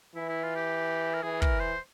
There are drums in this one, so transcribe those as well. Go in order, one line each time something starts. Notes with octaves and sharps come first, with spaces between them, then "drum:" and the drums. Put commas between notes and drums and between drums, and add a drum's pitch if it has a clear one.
E3 E4
E4
F4
G4
A#4
E3 G#4
A#4, drum: kick
C5